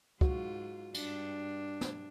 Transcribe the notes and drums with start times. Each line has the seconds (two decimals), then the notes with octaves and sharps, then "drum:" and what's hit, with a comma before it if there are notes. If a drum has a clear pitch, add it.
0.21 G#2 F4 F#4, drum: kick
0.94 G2 D4, drum: cymbal
1.81 drum: snare